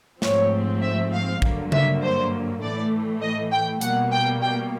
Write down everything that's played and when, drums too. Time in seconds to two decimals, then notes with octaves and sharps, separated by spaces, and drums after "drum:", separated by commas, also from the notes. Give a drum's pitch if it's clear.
0.22 G#2 F3 A3 C4 C#5, drum: snare
0.82 E5
1.12 F5
1.42 G2 D3 F#3 A#3, drum: kick
1.72 E5, drum: tom C#3
2.02 C5
2.62 A2 E3 A3 D5
3.22 D#5
3.51 G5
3.81 B2 G3 A#3 F#5, drum: hi-hat
4.12 G5
4.42 G5